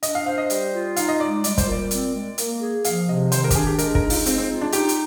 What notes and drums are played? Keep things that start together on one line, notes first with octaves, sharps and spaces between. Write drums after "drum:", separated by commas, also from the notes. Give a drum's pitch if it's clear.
D4 D#5, drum: hi-hat
F5
C5 F5
D#5
G3, drum: hi-hat
F4
D#4 F5, drum: hi-hat
D#5
G#3 D5
G3 D5, drum: hi-hat
C5, drum: kick, hi-hat
A#2 D5
C4, drum: hi-hat
G#3
A#3, drum: hi-hat
G#4
F3 F5, drum: hi-hat
C3 D#5
D#3 C5, drum: hi-hat
A#4
G4, drum: kick, hi-hat
D4 G#4
G4
G#3 A#4, drum: hi-hat
A#4, drum: kick
D#4
F4, drum: open hi-hat
G#3 C4, drum: hi-hat
C4
F4
D4
D#4 G4, drum: hi-hat
drum: hi-hat